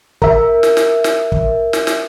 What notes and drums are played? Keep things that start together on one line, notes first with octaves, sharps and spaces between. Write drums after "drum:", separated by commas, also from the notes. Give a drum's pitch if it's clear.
A#4 E5, drum: kick
drum: snare
drum: snare
drum: snare
drum: kick
drum: snare
drum: snare